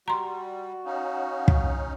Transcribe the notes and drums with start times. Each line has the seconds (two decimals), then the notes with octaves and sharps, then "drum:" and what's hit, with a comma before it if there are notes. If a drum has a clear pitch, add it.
0.08 G3 F#4 A#5 C6
0.85 C#4 D#4 F5
1.48 drum: kick